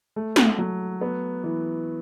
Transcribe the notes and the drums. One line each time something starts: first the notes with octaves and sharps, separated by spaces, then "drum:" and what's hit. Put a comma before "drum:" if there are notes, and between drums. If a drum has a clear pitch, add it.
A3
drum: snare
F#3
B3
E3